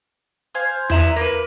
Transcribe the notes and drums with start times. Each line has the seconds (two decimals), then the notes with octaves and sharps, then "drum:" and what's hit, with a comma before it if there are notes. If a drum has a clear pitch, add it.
0.55 C5 F5 G#5
0.90 E4 B4 E5 A#5, drum: tom E2
1.16 A#3 A#4 B4